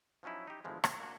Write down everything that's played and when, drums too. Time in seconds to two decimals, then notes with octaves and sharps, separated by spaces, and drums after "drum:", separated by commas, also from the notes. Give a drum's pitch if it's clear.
0.23 F3 F#3 C#4 D#4 E4
0.47 D#4 G4
0.64 G1 E3 F3 G#3
0.84 C4, drum: rim click
1.00 A#3 D4 F#4